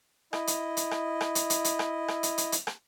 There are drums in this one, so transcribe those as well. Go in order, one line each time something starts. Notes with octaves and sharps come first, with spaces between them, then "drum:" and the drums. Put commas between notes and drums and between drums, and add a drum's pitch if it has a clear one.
E4 D#5, drum: rim click
drum: hi-hat
drum: hi-hat
drum: rim click
drum: rim click
drum: hi-hat
drum: hi-hat
drum: hi-hat
drum: rim click
drum: rim click
drum: hi-hat
drum: hi-hat
drum: hi-hat
drum: rim click